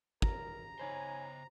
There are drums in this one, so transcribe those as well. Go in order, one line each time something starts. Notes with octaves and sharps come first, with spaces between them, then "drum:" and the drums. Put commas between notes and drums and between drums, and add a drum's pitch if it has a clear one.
A#4 A#5, drum: kick
C#3 D#4 C5 C#5 G#5 B5